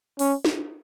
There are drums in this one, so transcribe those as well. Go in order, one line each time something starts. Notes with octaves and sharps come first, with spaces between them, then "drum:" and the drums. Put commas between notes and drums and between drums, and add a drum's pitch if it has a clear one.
C#4, drum: open hi-hat
drum: snare